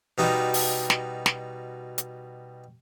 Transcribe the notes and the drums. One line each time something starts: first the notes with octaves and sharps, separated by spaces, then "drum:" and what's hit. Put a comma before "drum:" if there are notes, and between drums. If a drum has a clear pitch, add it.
B2 G3 D#4 F4 F#4
drum: open hi-hat
drum: snare
drum: snare
drum: hi-hat